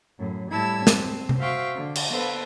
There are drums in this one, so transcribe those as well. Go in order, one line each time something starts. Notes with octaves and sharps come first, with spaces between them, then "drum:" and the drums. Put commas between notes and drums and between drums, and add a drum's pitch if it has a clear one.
F#2 A2
A2 G3 E4 A5 E6 G#6
C4, drum: snare
drum: tom C3
F#4 C5 E5 F5 G5 C#6
D3
drum: cymbal
B3 A4 B4 C5